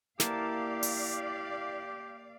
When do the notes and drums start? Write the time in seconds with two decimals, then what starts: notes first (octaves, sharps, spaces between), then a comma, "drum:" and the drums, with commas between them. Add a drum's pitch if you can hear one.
0.20 A#3 E4 G4 D5 F5 A5, drum: snare
0.83 drum: open hi-hat